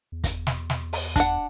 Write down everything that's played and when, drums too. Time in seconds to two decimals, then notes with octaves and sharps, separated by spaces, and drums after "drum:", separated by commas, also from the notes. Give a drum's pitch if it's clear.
0.12 E2
0.24 drum: kick, hi-hat
0.47 drum: snare
0.70 drum: snare
0.93 drum: open hi-hat
1.16 D4 F#5, drum: kick, hi-hat